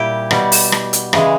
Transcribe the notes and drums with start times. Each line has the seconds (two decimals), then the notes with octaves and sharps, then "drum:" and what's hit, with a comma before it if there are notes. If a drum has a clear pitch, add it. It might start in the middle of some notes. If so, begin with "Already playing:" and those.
Already playing: A#2 G3 E4 G4
0.31 B2 G3, drum: rim click
0.52 drum: open hi-hat
0.72 drum: rim click
0.93 drum: hi-hat
1.13 C#3 E3 G#3, drum: rim click